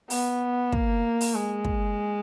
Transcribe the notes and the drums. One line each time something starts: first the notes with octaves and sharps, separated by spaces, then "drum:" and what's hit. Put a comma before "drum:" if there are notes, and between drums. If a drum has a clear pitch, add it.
B3, drum: open hi-hat
A#3, drum: kick
drum: open hi-hat
G#3
drum: kick